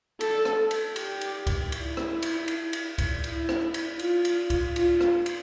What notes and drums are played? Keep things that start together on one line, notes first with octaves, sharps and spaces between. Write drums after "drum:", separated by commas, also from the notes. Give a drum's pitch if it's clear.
A4, drum: cymbal
drum: rim click
drum: cymbal
G4, drum: cymbal
drum: cymbal
drum: kick C#2, cymbal
E4, drum: cymbal
drum: rim click
drum: cymbal
drum: cymbal
drum: cymbal
drum: kick C#2, cymbal
E4, drum: cymbal
drum: rim click
drum: cymbal
F4, drum: cymbal
drum: cymbal
drum: kick C#2, cymbal
F4, drum: cymbal
drum: rim click
drum: cymbal